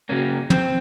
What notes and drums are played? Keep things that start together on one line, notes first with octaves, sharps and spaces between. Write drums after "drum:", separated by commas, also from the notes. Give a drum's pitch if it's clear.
C#3 F#3 A#3 C#4
C4, drum: tom